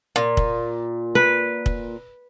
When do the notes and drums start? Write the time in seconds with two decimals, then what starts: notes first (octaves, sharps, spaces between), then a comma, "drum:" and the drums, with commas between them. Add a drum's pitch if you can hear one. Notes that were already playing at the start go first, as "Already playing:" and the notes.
0.16 A#2
0.37 drum: kick
1.15 B4
1.66 drum: kick